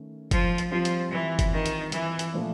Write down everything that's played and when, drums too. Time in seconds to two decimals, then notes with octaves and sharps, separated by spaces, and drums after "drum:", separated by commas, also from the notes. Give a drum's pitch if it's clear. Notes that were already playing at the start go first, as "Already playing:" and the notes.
Already playing: D#3 A3 C#4
0.31 F3, drum: kick F#1, hi-hat
0.58 drum: hi-hat
0.71 F3 G3 C4 F4
0.85 drum: hi-hat
1.12 E3
1.39 drum: kick F#1, hi-hat
1.53 D#3
1.66 drum: hi-hat
1.92 E3, drum: hi-hat
2.19 drum: hi-hat
2.33 A#2 F3 A3 D4